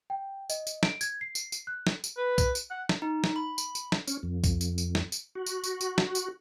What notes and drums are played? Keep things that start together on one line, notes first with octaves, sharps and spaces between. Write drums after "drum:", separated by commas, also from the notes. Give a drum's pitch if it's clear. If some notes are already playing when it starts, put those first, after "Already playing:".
G5
D#5, drum: tambourine
drum: tambourine
D7, drum: snare
G#6, drum: tambourine
C7
drum: tambourine
drum: tambourine
F#6
drum: snare
drum: tambourine
B4
drum: kick, tambourine
drum: tambourine
F#5
drum: snare
D#4
drum: snare
B5
drum: tambourine
drum: tambourine
drum: snare
C#4, drum: tambourine
F2
drum: kick, tambourine
drum: tambourine
drum: tambourine
drum: snare
drum: tambourine
F#4
drum: tambourine
drum: tambourine
drum: tambourine
drum: snare
drum: tambourine